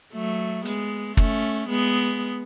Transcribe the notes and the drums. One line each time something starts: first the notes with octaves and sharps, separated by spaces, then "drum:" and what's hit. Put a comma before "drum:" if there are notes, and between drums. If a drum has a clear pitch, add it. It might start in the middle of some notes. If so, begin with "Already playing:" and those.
F#3 A3
G#3 B3, drum: hi-hat
A3 C#4, drum: kick
G#3 B3